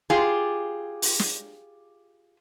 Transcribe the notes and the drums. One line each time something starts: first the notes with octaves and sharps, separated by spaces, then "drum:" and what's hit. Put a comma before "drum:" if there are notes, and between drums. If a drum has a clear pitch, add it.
F4 G4 G#4
drum: open hi-hat
drum: snare